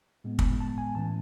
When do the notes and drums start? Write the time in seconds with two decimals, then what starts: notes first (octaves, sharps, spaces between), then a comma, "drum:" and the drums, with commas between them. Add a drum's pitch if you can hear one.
0.24 A2 G#3 B3
0.39 drum: kick
0.60 A5
0.78 G#5
0.95 A2 E3 A3 C#4 A5